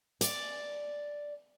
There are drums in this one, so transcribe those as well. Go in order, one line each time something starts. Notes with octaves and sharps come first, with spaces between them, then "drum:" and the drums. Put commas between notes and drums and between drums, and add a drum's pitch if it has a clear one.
D5, drum: hi-hat